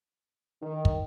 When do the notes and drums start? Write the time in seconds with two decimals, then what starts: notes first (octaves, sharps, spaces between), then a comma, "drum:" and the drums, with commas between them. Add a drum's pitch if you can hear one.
0.62 D#3
0.85 drum: kick